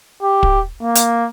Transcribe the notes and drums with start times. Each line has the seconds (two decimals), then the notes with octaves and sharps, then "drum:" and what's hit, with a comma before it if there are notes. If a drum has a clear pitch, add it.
0.23 G4
0.43 drum: kick
0.82 A#3
0.95 drum: hi-hat